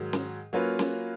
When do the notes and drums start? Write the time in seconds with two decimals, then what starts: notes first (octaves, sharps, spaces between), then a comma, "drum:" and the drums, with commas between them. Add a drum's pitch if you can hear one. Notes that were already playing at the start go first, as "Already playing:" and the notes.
Already playing: G#2 D#3 F#3
0.13 drum: snare
0.53 F#3 A#3 C#4 F4 B4
0.79 drum: snare